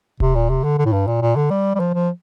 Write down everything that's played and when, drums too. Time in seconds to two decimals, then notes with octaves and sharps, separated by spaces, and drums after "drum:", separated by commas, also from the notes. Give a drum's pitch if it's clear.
0.20 C3, drum: kick D#1
0.35 A#2
0.50 C3
0.64 D3
0.78 D3
0.85 A2
0.92 G2
1.07 A#2
1.22 A#2
1.36 D3
1.50 G3
1.75 G3
1.80 F3
1.94 F3